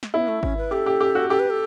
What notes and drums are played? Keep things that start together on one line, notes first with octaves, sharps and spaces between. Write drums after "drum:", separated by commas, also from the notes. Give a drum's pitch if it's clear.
drum: snare
B3 E4
A3
C#4, drum: kick G#1
B4
G4 A4
G4
G4
F#4
G4 A4
B4
A4